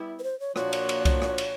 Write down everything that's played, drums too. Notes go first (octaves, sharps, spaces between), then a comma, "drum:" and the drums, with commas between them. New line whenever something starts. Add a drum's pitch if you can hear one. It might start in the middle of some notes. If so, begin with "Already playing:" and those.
Already playing: G3 B3 E4 G4
B4
C5
C#5
A#2 F3 A#3 D4 F#4 C#5, drum: rim click
drum: cymbal
drum: cymbal
drum: kick C2, cymbal
drum: rim click
drum: cymbal